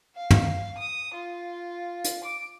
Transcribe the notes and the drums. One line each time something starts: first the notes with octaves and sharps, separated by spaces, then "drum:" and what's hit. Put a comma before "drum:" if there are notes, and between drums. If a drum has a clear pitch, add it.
F5
drum: tom
D#6
F4
drum: hi-hat
D6